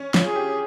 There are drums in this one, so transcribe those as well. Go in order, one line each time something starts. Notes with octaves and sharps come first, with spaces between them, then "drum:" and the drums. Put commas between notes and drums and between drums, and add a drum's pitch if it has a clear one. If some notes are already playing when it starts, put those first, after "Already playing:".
Already playing: C#4
F4, drum: snare
G#4
G4